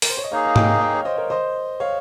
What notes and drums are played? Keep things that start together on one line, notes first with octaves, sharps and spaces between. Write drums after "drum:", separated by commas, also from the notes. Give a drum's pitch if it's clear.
A#4, drum: open hi-hat
C5
C#5
D#5
A#3 D#4 G#4 C#5 F5
F5
D#5 G5, drum: tom G#2
D#5 G5
C#5 F5
C5 D#5
A#4 C#5
C5 D#5
C#5 F5